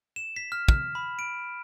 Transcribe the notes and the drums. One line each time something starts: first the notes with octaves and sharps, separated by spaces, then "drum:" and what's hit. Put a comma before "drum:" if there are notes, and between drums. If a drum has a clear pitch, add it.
E7
B6
F6
F6, drum: kick
B5
D7